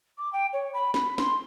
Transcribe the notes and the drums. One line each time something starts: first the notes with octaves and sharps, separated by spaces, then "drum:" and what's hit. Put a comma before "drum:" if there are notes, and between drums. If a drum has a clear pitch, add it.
D6
G5
C#5
B5
B5, drum: snare
C6, drum: snare